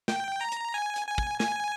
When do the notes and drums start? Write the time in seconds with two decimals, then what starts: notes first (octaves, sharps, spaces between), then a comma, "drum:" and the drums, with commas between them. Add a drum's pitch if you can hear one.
0.08 G5, drum: snare
0.41 A#5
0.52 drum: hi-hat
0.74 G#5
0.96 drum: hi-hat
1.07 G#5
1.18 drum: kick
1.40 G#5, drum: snare